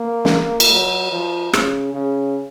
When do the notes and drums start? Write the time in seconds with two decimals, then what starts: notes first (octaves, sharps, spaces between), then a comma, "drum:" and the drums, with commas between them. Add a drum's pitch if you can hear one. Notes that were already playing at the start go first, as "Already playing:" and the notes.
Already playing: A#3
0.25 drum: snare
0.60 drum: cymbal
0.72 F#3
1.12 F3
1.53 C#3, drum: rim click
1.94 C#3